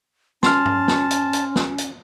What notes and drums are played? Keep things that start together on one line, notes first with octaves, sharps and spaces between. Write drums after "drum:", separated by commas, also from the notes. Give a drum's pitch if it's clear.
C#4 A5 C6 F6, drum: snare
drum: tom G2
drum: snare
drum: hi-hat
drum: hi-hat
drum: snare
drum: hi-hat